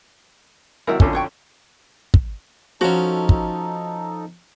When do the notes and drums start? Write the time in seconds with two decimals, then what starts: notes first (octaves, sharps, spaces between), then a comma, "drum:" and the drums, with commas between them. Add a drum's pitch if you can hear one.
0.87 G#1 F#3 E4 A#4 D#5 F#5
1.00 F2 D3 C#4 F4, drum: kick
1.13 F#4 C#5 G5
2.14 drum: kick
2.81 F3 C#4 D#4 F#4 A4
3.29 drum: kick